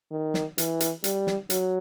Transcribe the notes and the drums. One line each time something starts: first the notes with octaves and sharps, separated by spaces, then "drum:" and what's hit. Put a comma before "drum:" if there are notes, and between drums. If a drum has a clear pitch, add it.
D#3
drum: snare
E3, drum: hi-hat
drum: hi-hat
G3, drum: hi-hat
drum: snare
F#3, drum: hi-hat